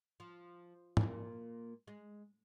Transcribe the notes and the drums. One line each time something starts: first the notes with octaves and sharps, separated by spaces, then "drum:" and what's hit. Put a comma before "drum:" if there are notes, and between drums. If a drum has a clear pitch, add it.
F3
A#2 A#3, drum: tom
G#3